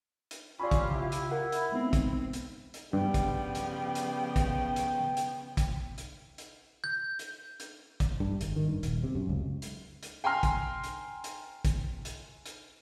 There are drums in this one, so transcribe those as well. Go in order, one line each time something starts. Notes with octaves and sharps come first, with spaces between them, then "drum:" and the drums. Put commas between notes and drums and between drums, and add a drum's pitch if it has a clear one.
drum: hi-hat
C4 C#4 F4 G4 D5 B5
drum: kick, hi-hat
C#3 E4
drum: hi-hat
A#4 F#5
drum: hi-hat
G#3 B3 C4 D#4
drum: kick, hi-hat
drum: hi-hat
drum: hi-hat
G2 C#3 F3 G3 B3 G4 G5
drum: kick, hi-hat
drum: hi-hat
drum: hi-hat
drum: kick, hi-hat
drum: hi-hat
drum: hi-hat
drum: kick, hi-hat
drum: hi-hat
drum: hi-hat
G6
drum: hi-hat
drum: hi-hat
drum: kick, hi-hat
G2
G#1, drum: hi-hat
D#3
G2
D#1, drum: hi-hat
C3
F#2
C#2
drum: hi-hat
drum: hi-hat
G5 G#5 A#5 C6 F6
drum: kick, hi-hat
drum: hi-hat
drum: hi-hat
drum: kick, hi-hat
drum: hi-hat
drum: hi-hat